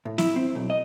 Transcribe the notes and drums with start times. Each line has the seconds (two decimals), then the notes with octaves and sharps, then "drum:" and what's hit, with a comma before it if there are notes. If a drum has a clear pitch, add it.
0.05 A2
0.18 E4, drum: snare
0.36 C4
0.55 B1
0.70 D#5